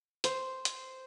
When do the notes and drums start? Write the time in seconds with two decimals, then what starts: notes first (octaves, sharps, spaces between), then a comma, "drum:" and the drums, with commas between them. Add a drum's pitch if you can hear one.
0.24 C5, drum: hi-hat
0.65 drum: hi-hat